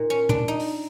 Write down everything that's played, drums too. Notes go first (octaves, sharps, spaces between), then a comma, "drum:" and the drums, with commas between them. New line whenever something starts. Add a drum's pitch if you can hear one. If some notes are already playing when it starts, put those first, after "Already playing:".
Already playing: A#2 D#4
C#4
D4, drum: tom A#2
D#4
drum: open hi-hat